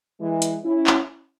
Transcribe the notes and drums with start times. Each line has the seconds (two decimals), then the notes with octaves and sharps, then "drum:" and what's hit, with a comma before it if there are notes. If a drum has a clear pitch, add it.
0.19 E3 G#3
0.42 drum: hi-hat
0.64 C#4 E4
0.87 drum: clap